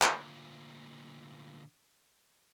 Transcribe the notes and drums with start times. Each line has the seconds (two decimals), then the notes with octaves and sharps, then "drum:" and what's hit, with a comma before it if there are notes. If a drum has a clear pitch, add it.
0.02 D2 A#2, drum: clap